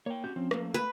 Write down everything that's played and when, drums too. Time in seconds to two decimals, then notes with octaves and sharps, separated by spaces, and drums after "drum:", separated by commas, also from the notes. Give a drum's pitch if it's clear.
0.06 A#3 C#5 G5
0.24 C#4 F#4 G4 G6
0.36 F3 C4 C#4
0.51 A3 A#3, drum: rim click
0.74 B4